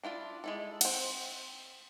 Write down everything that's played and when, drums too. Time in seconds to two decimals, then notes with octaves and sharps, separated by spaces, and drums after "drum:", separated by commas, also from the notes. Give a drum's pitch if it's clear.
0.03 D4 E4 F4 D5
0.44 G#3 E4 A4
0.81 C4 F#5, drum: cymbal